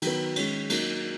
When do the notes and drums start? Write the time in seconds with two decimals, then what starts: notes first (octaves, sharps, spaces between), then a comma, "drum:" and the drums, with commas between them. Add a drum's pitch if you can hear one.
0.02 D#3 F#3 B3, drum: cymbal
0.36 D#3 G#3 C#4, drum: cymbal
0.70 F#3 A#3 D#4, drum: cymbal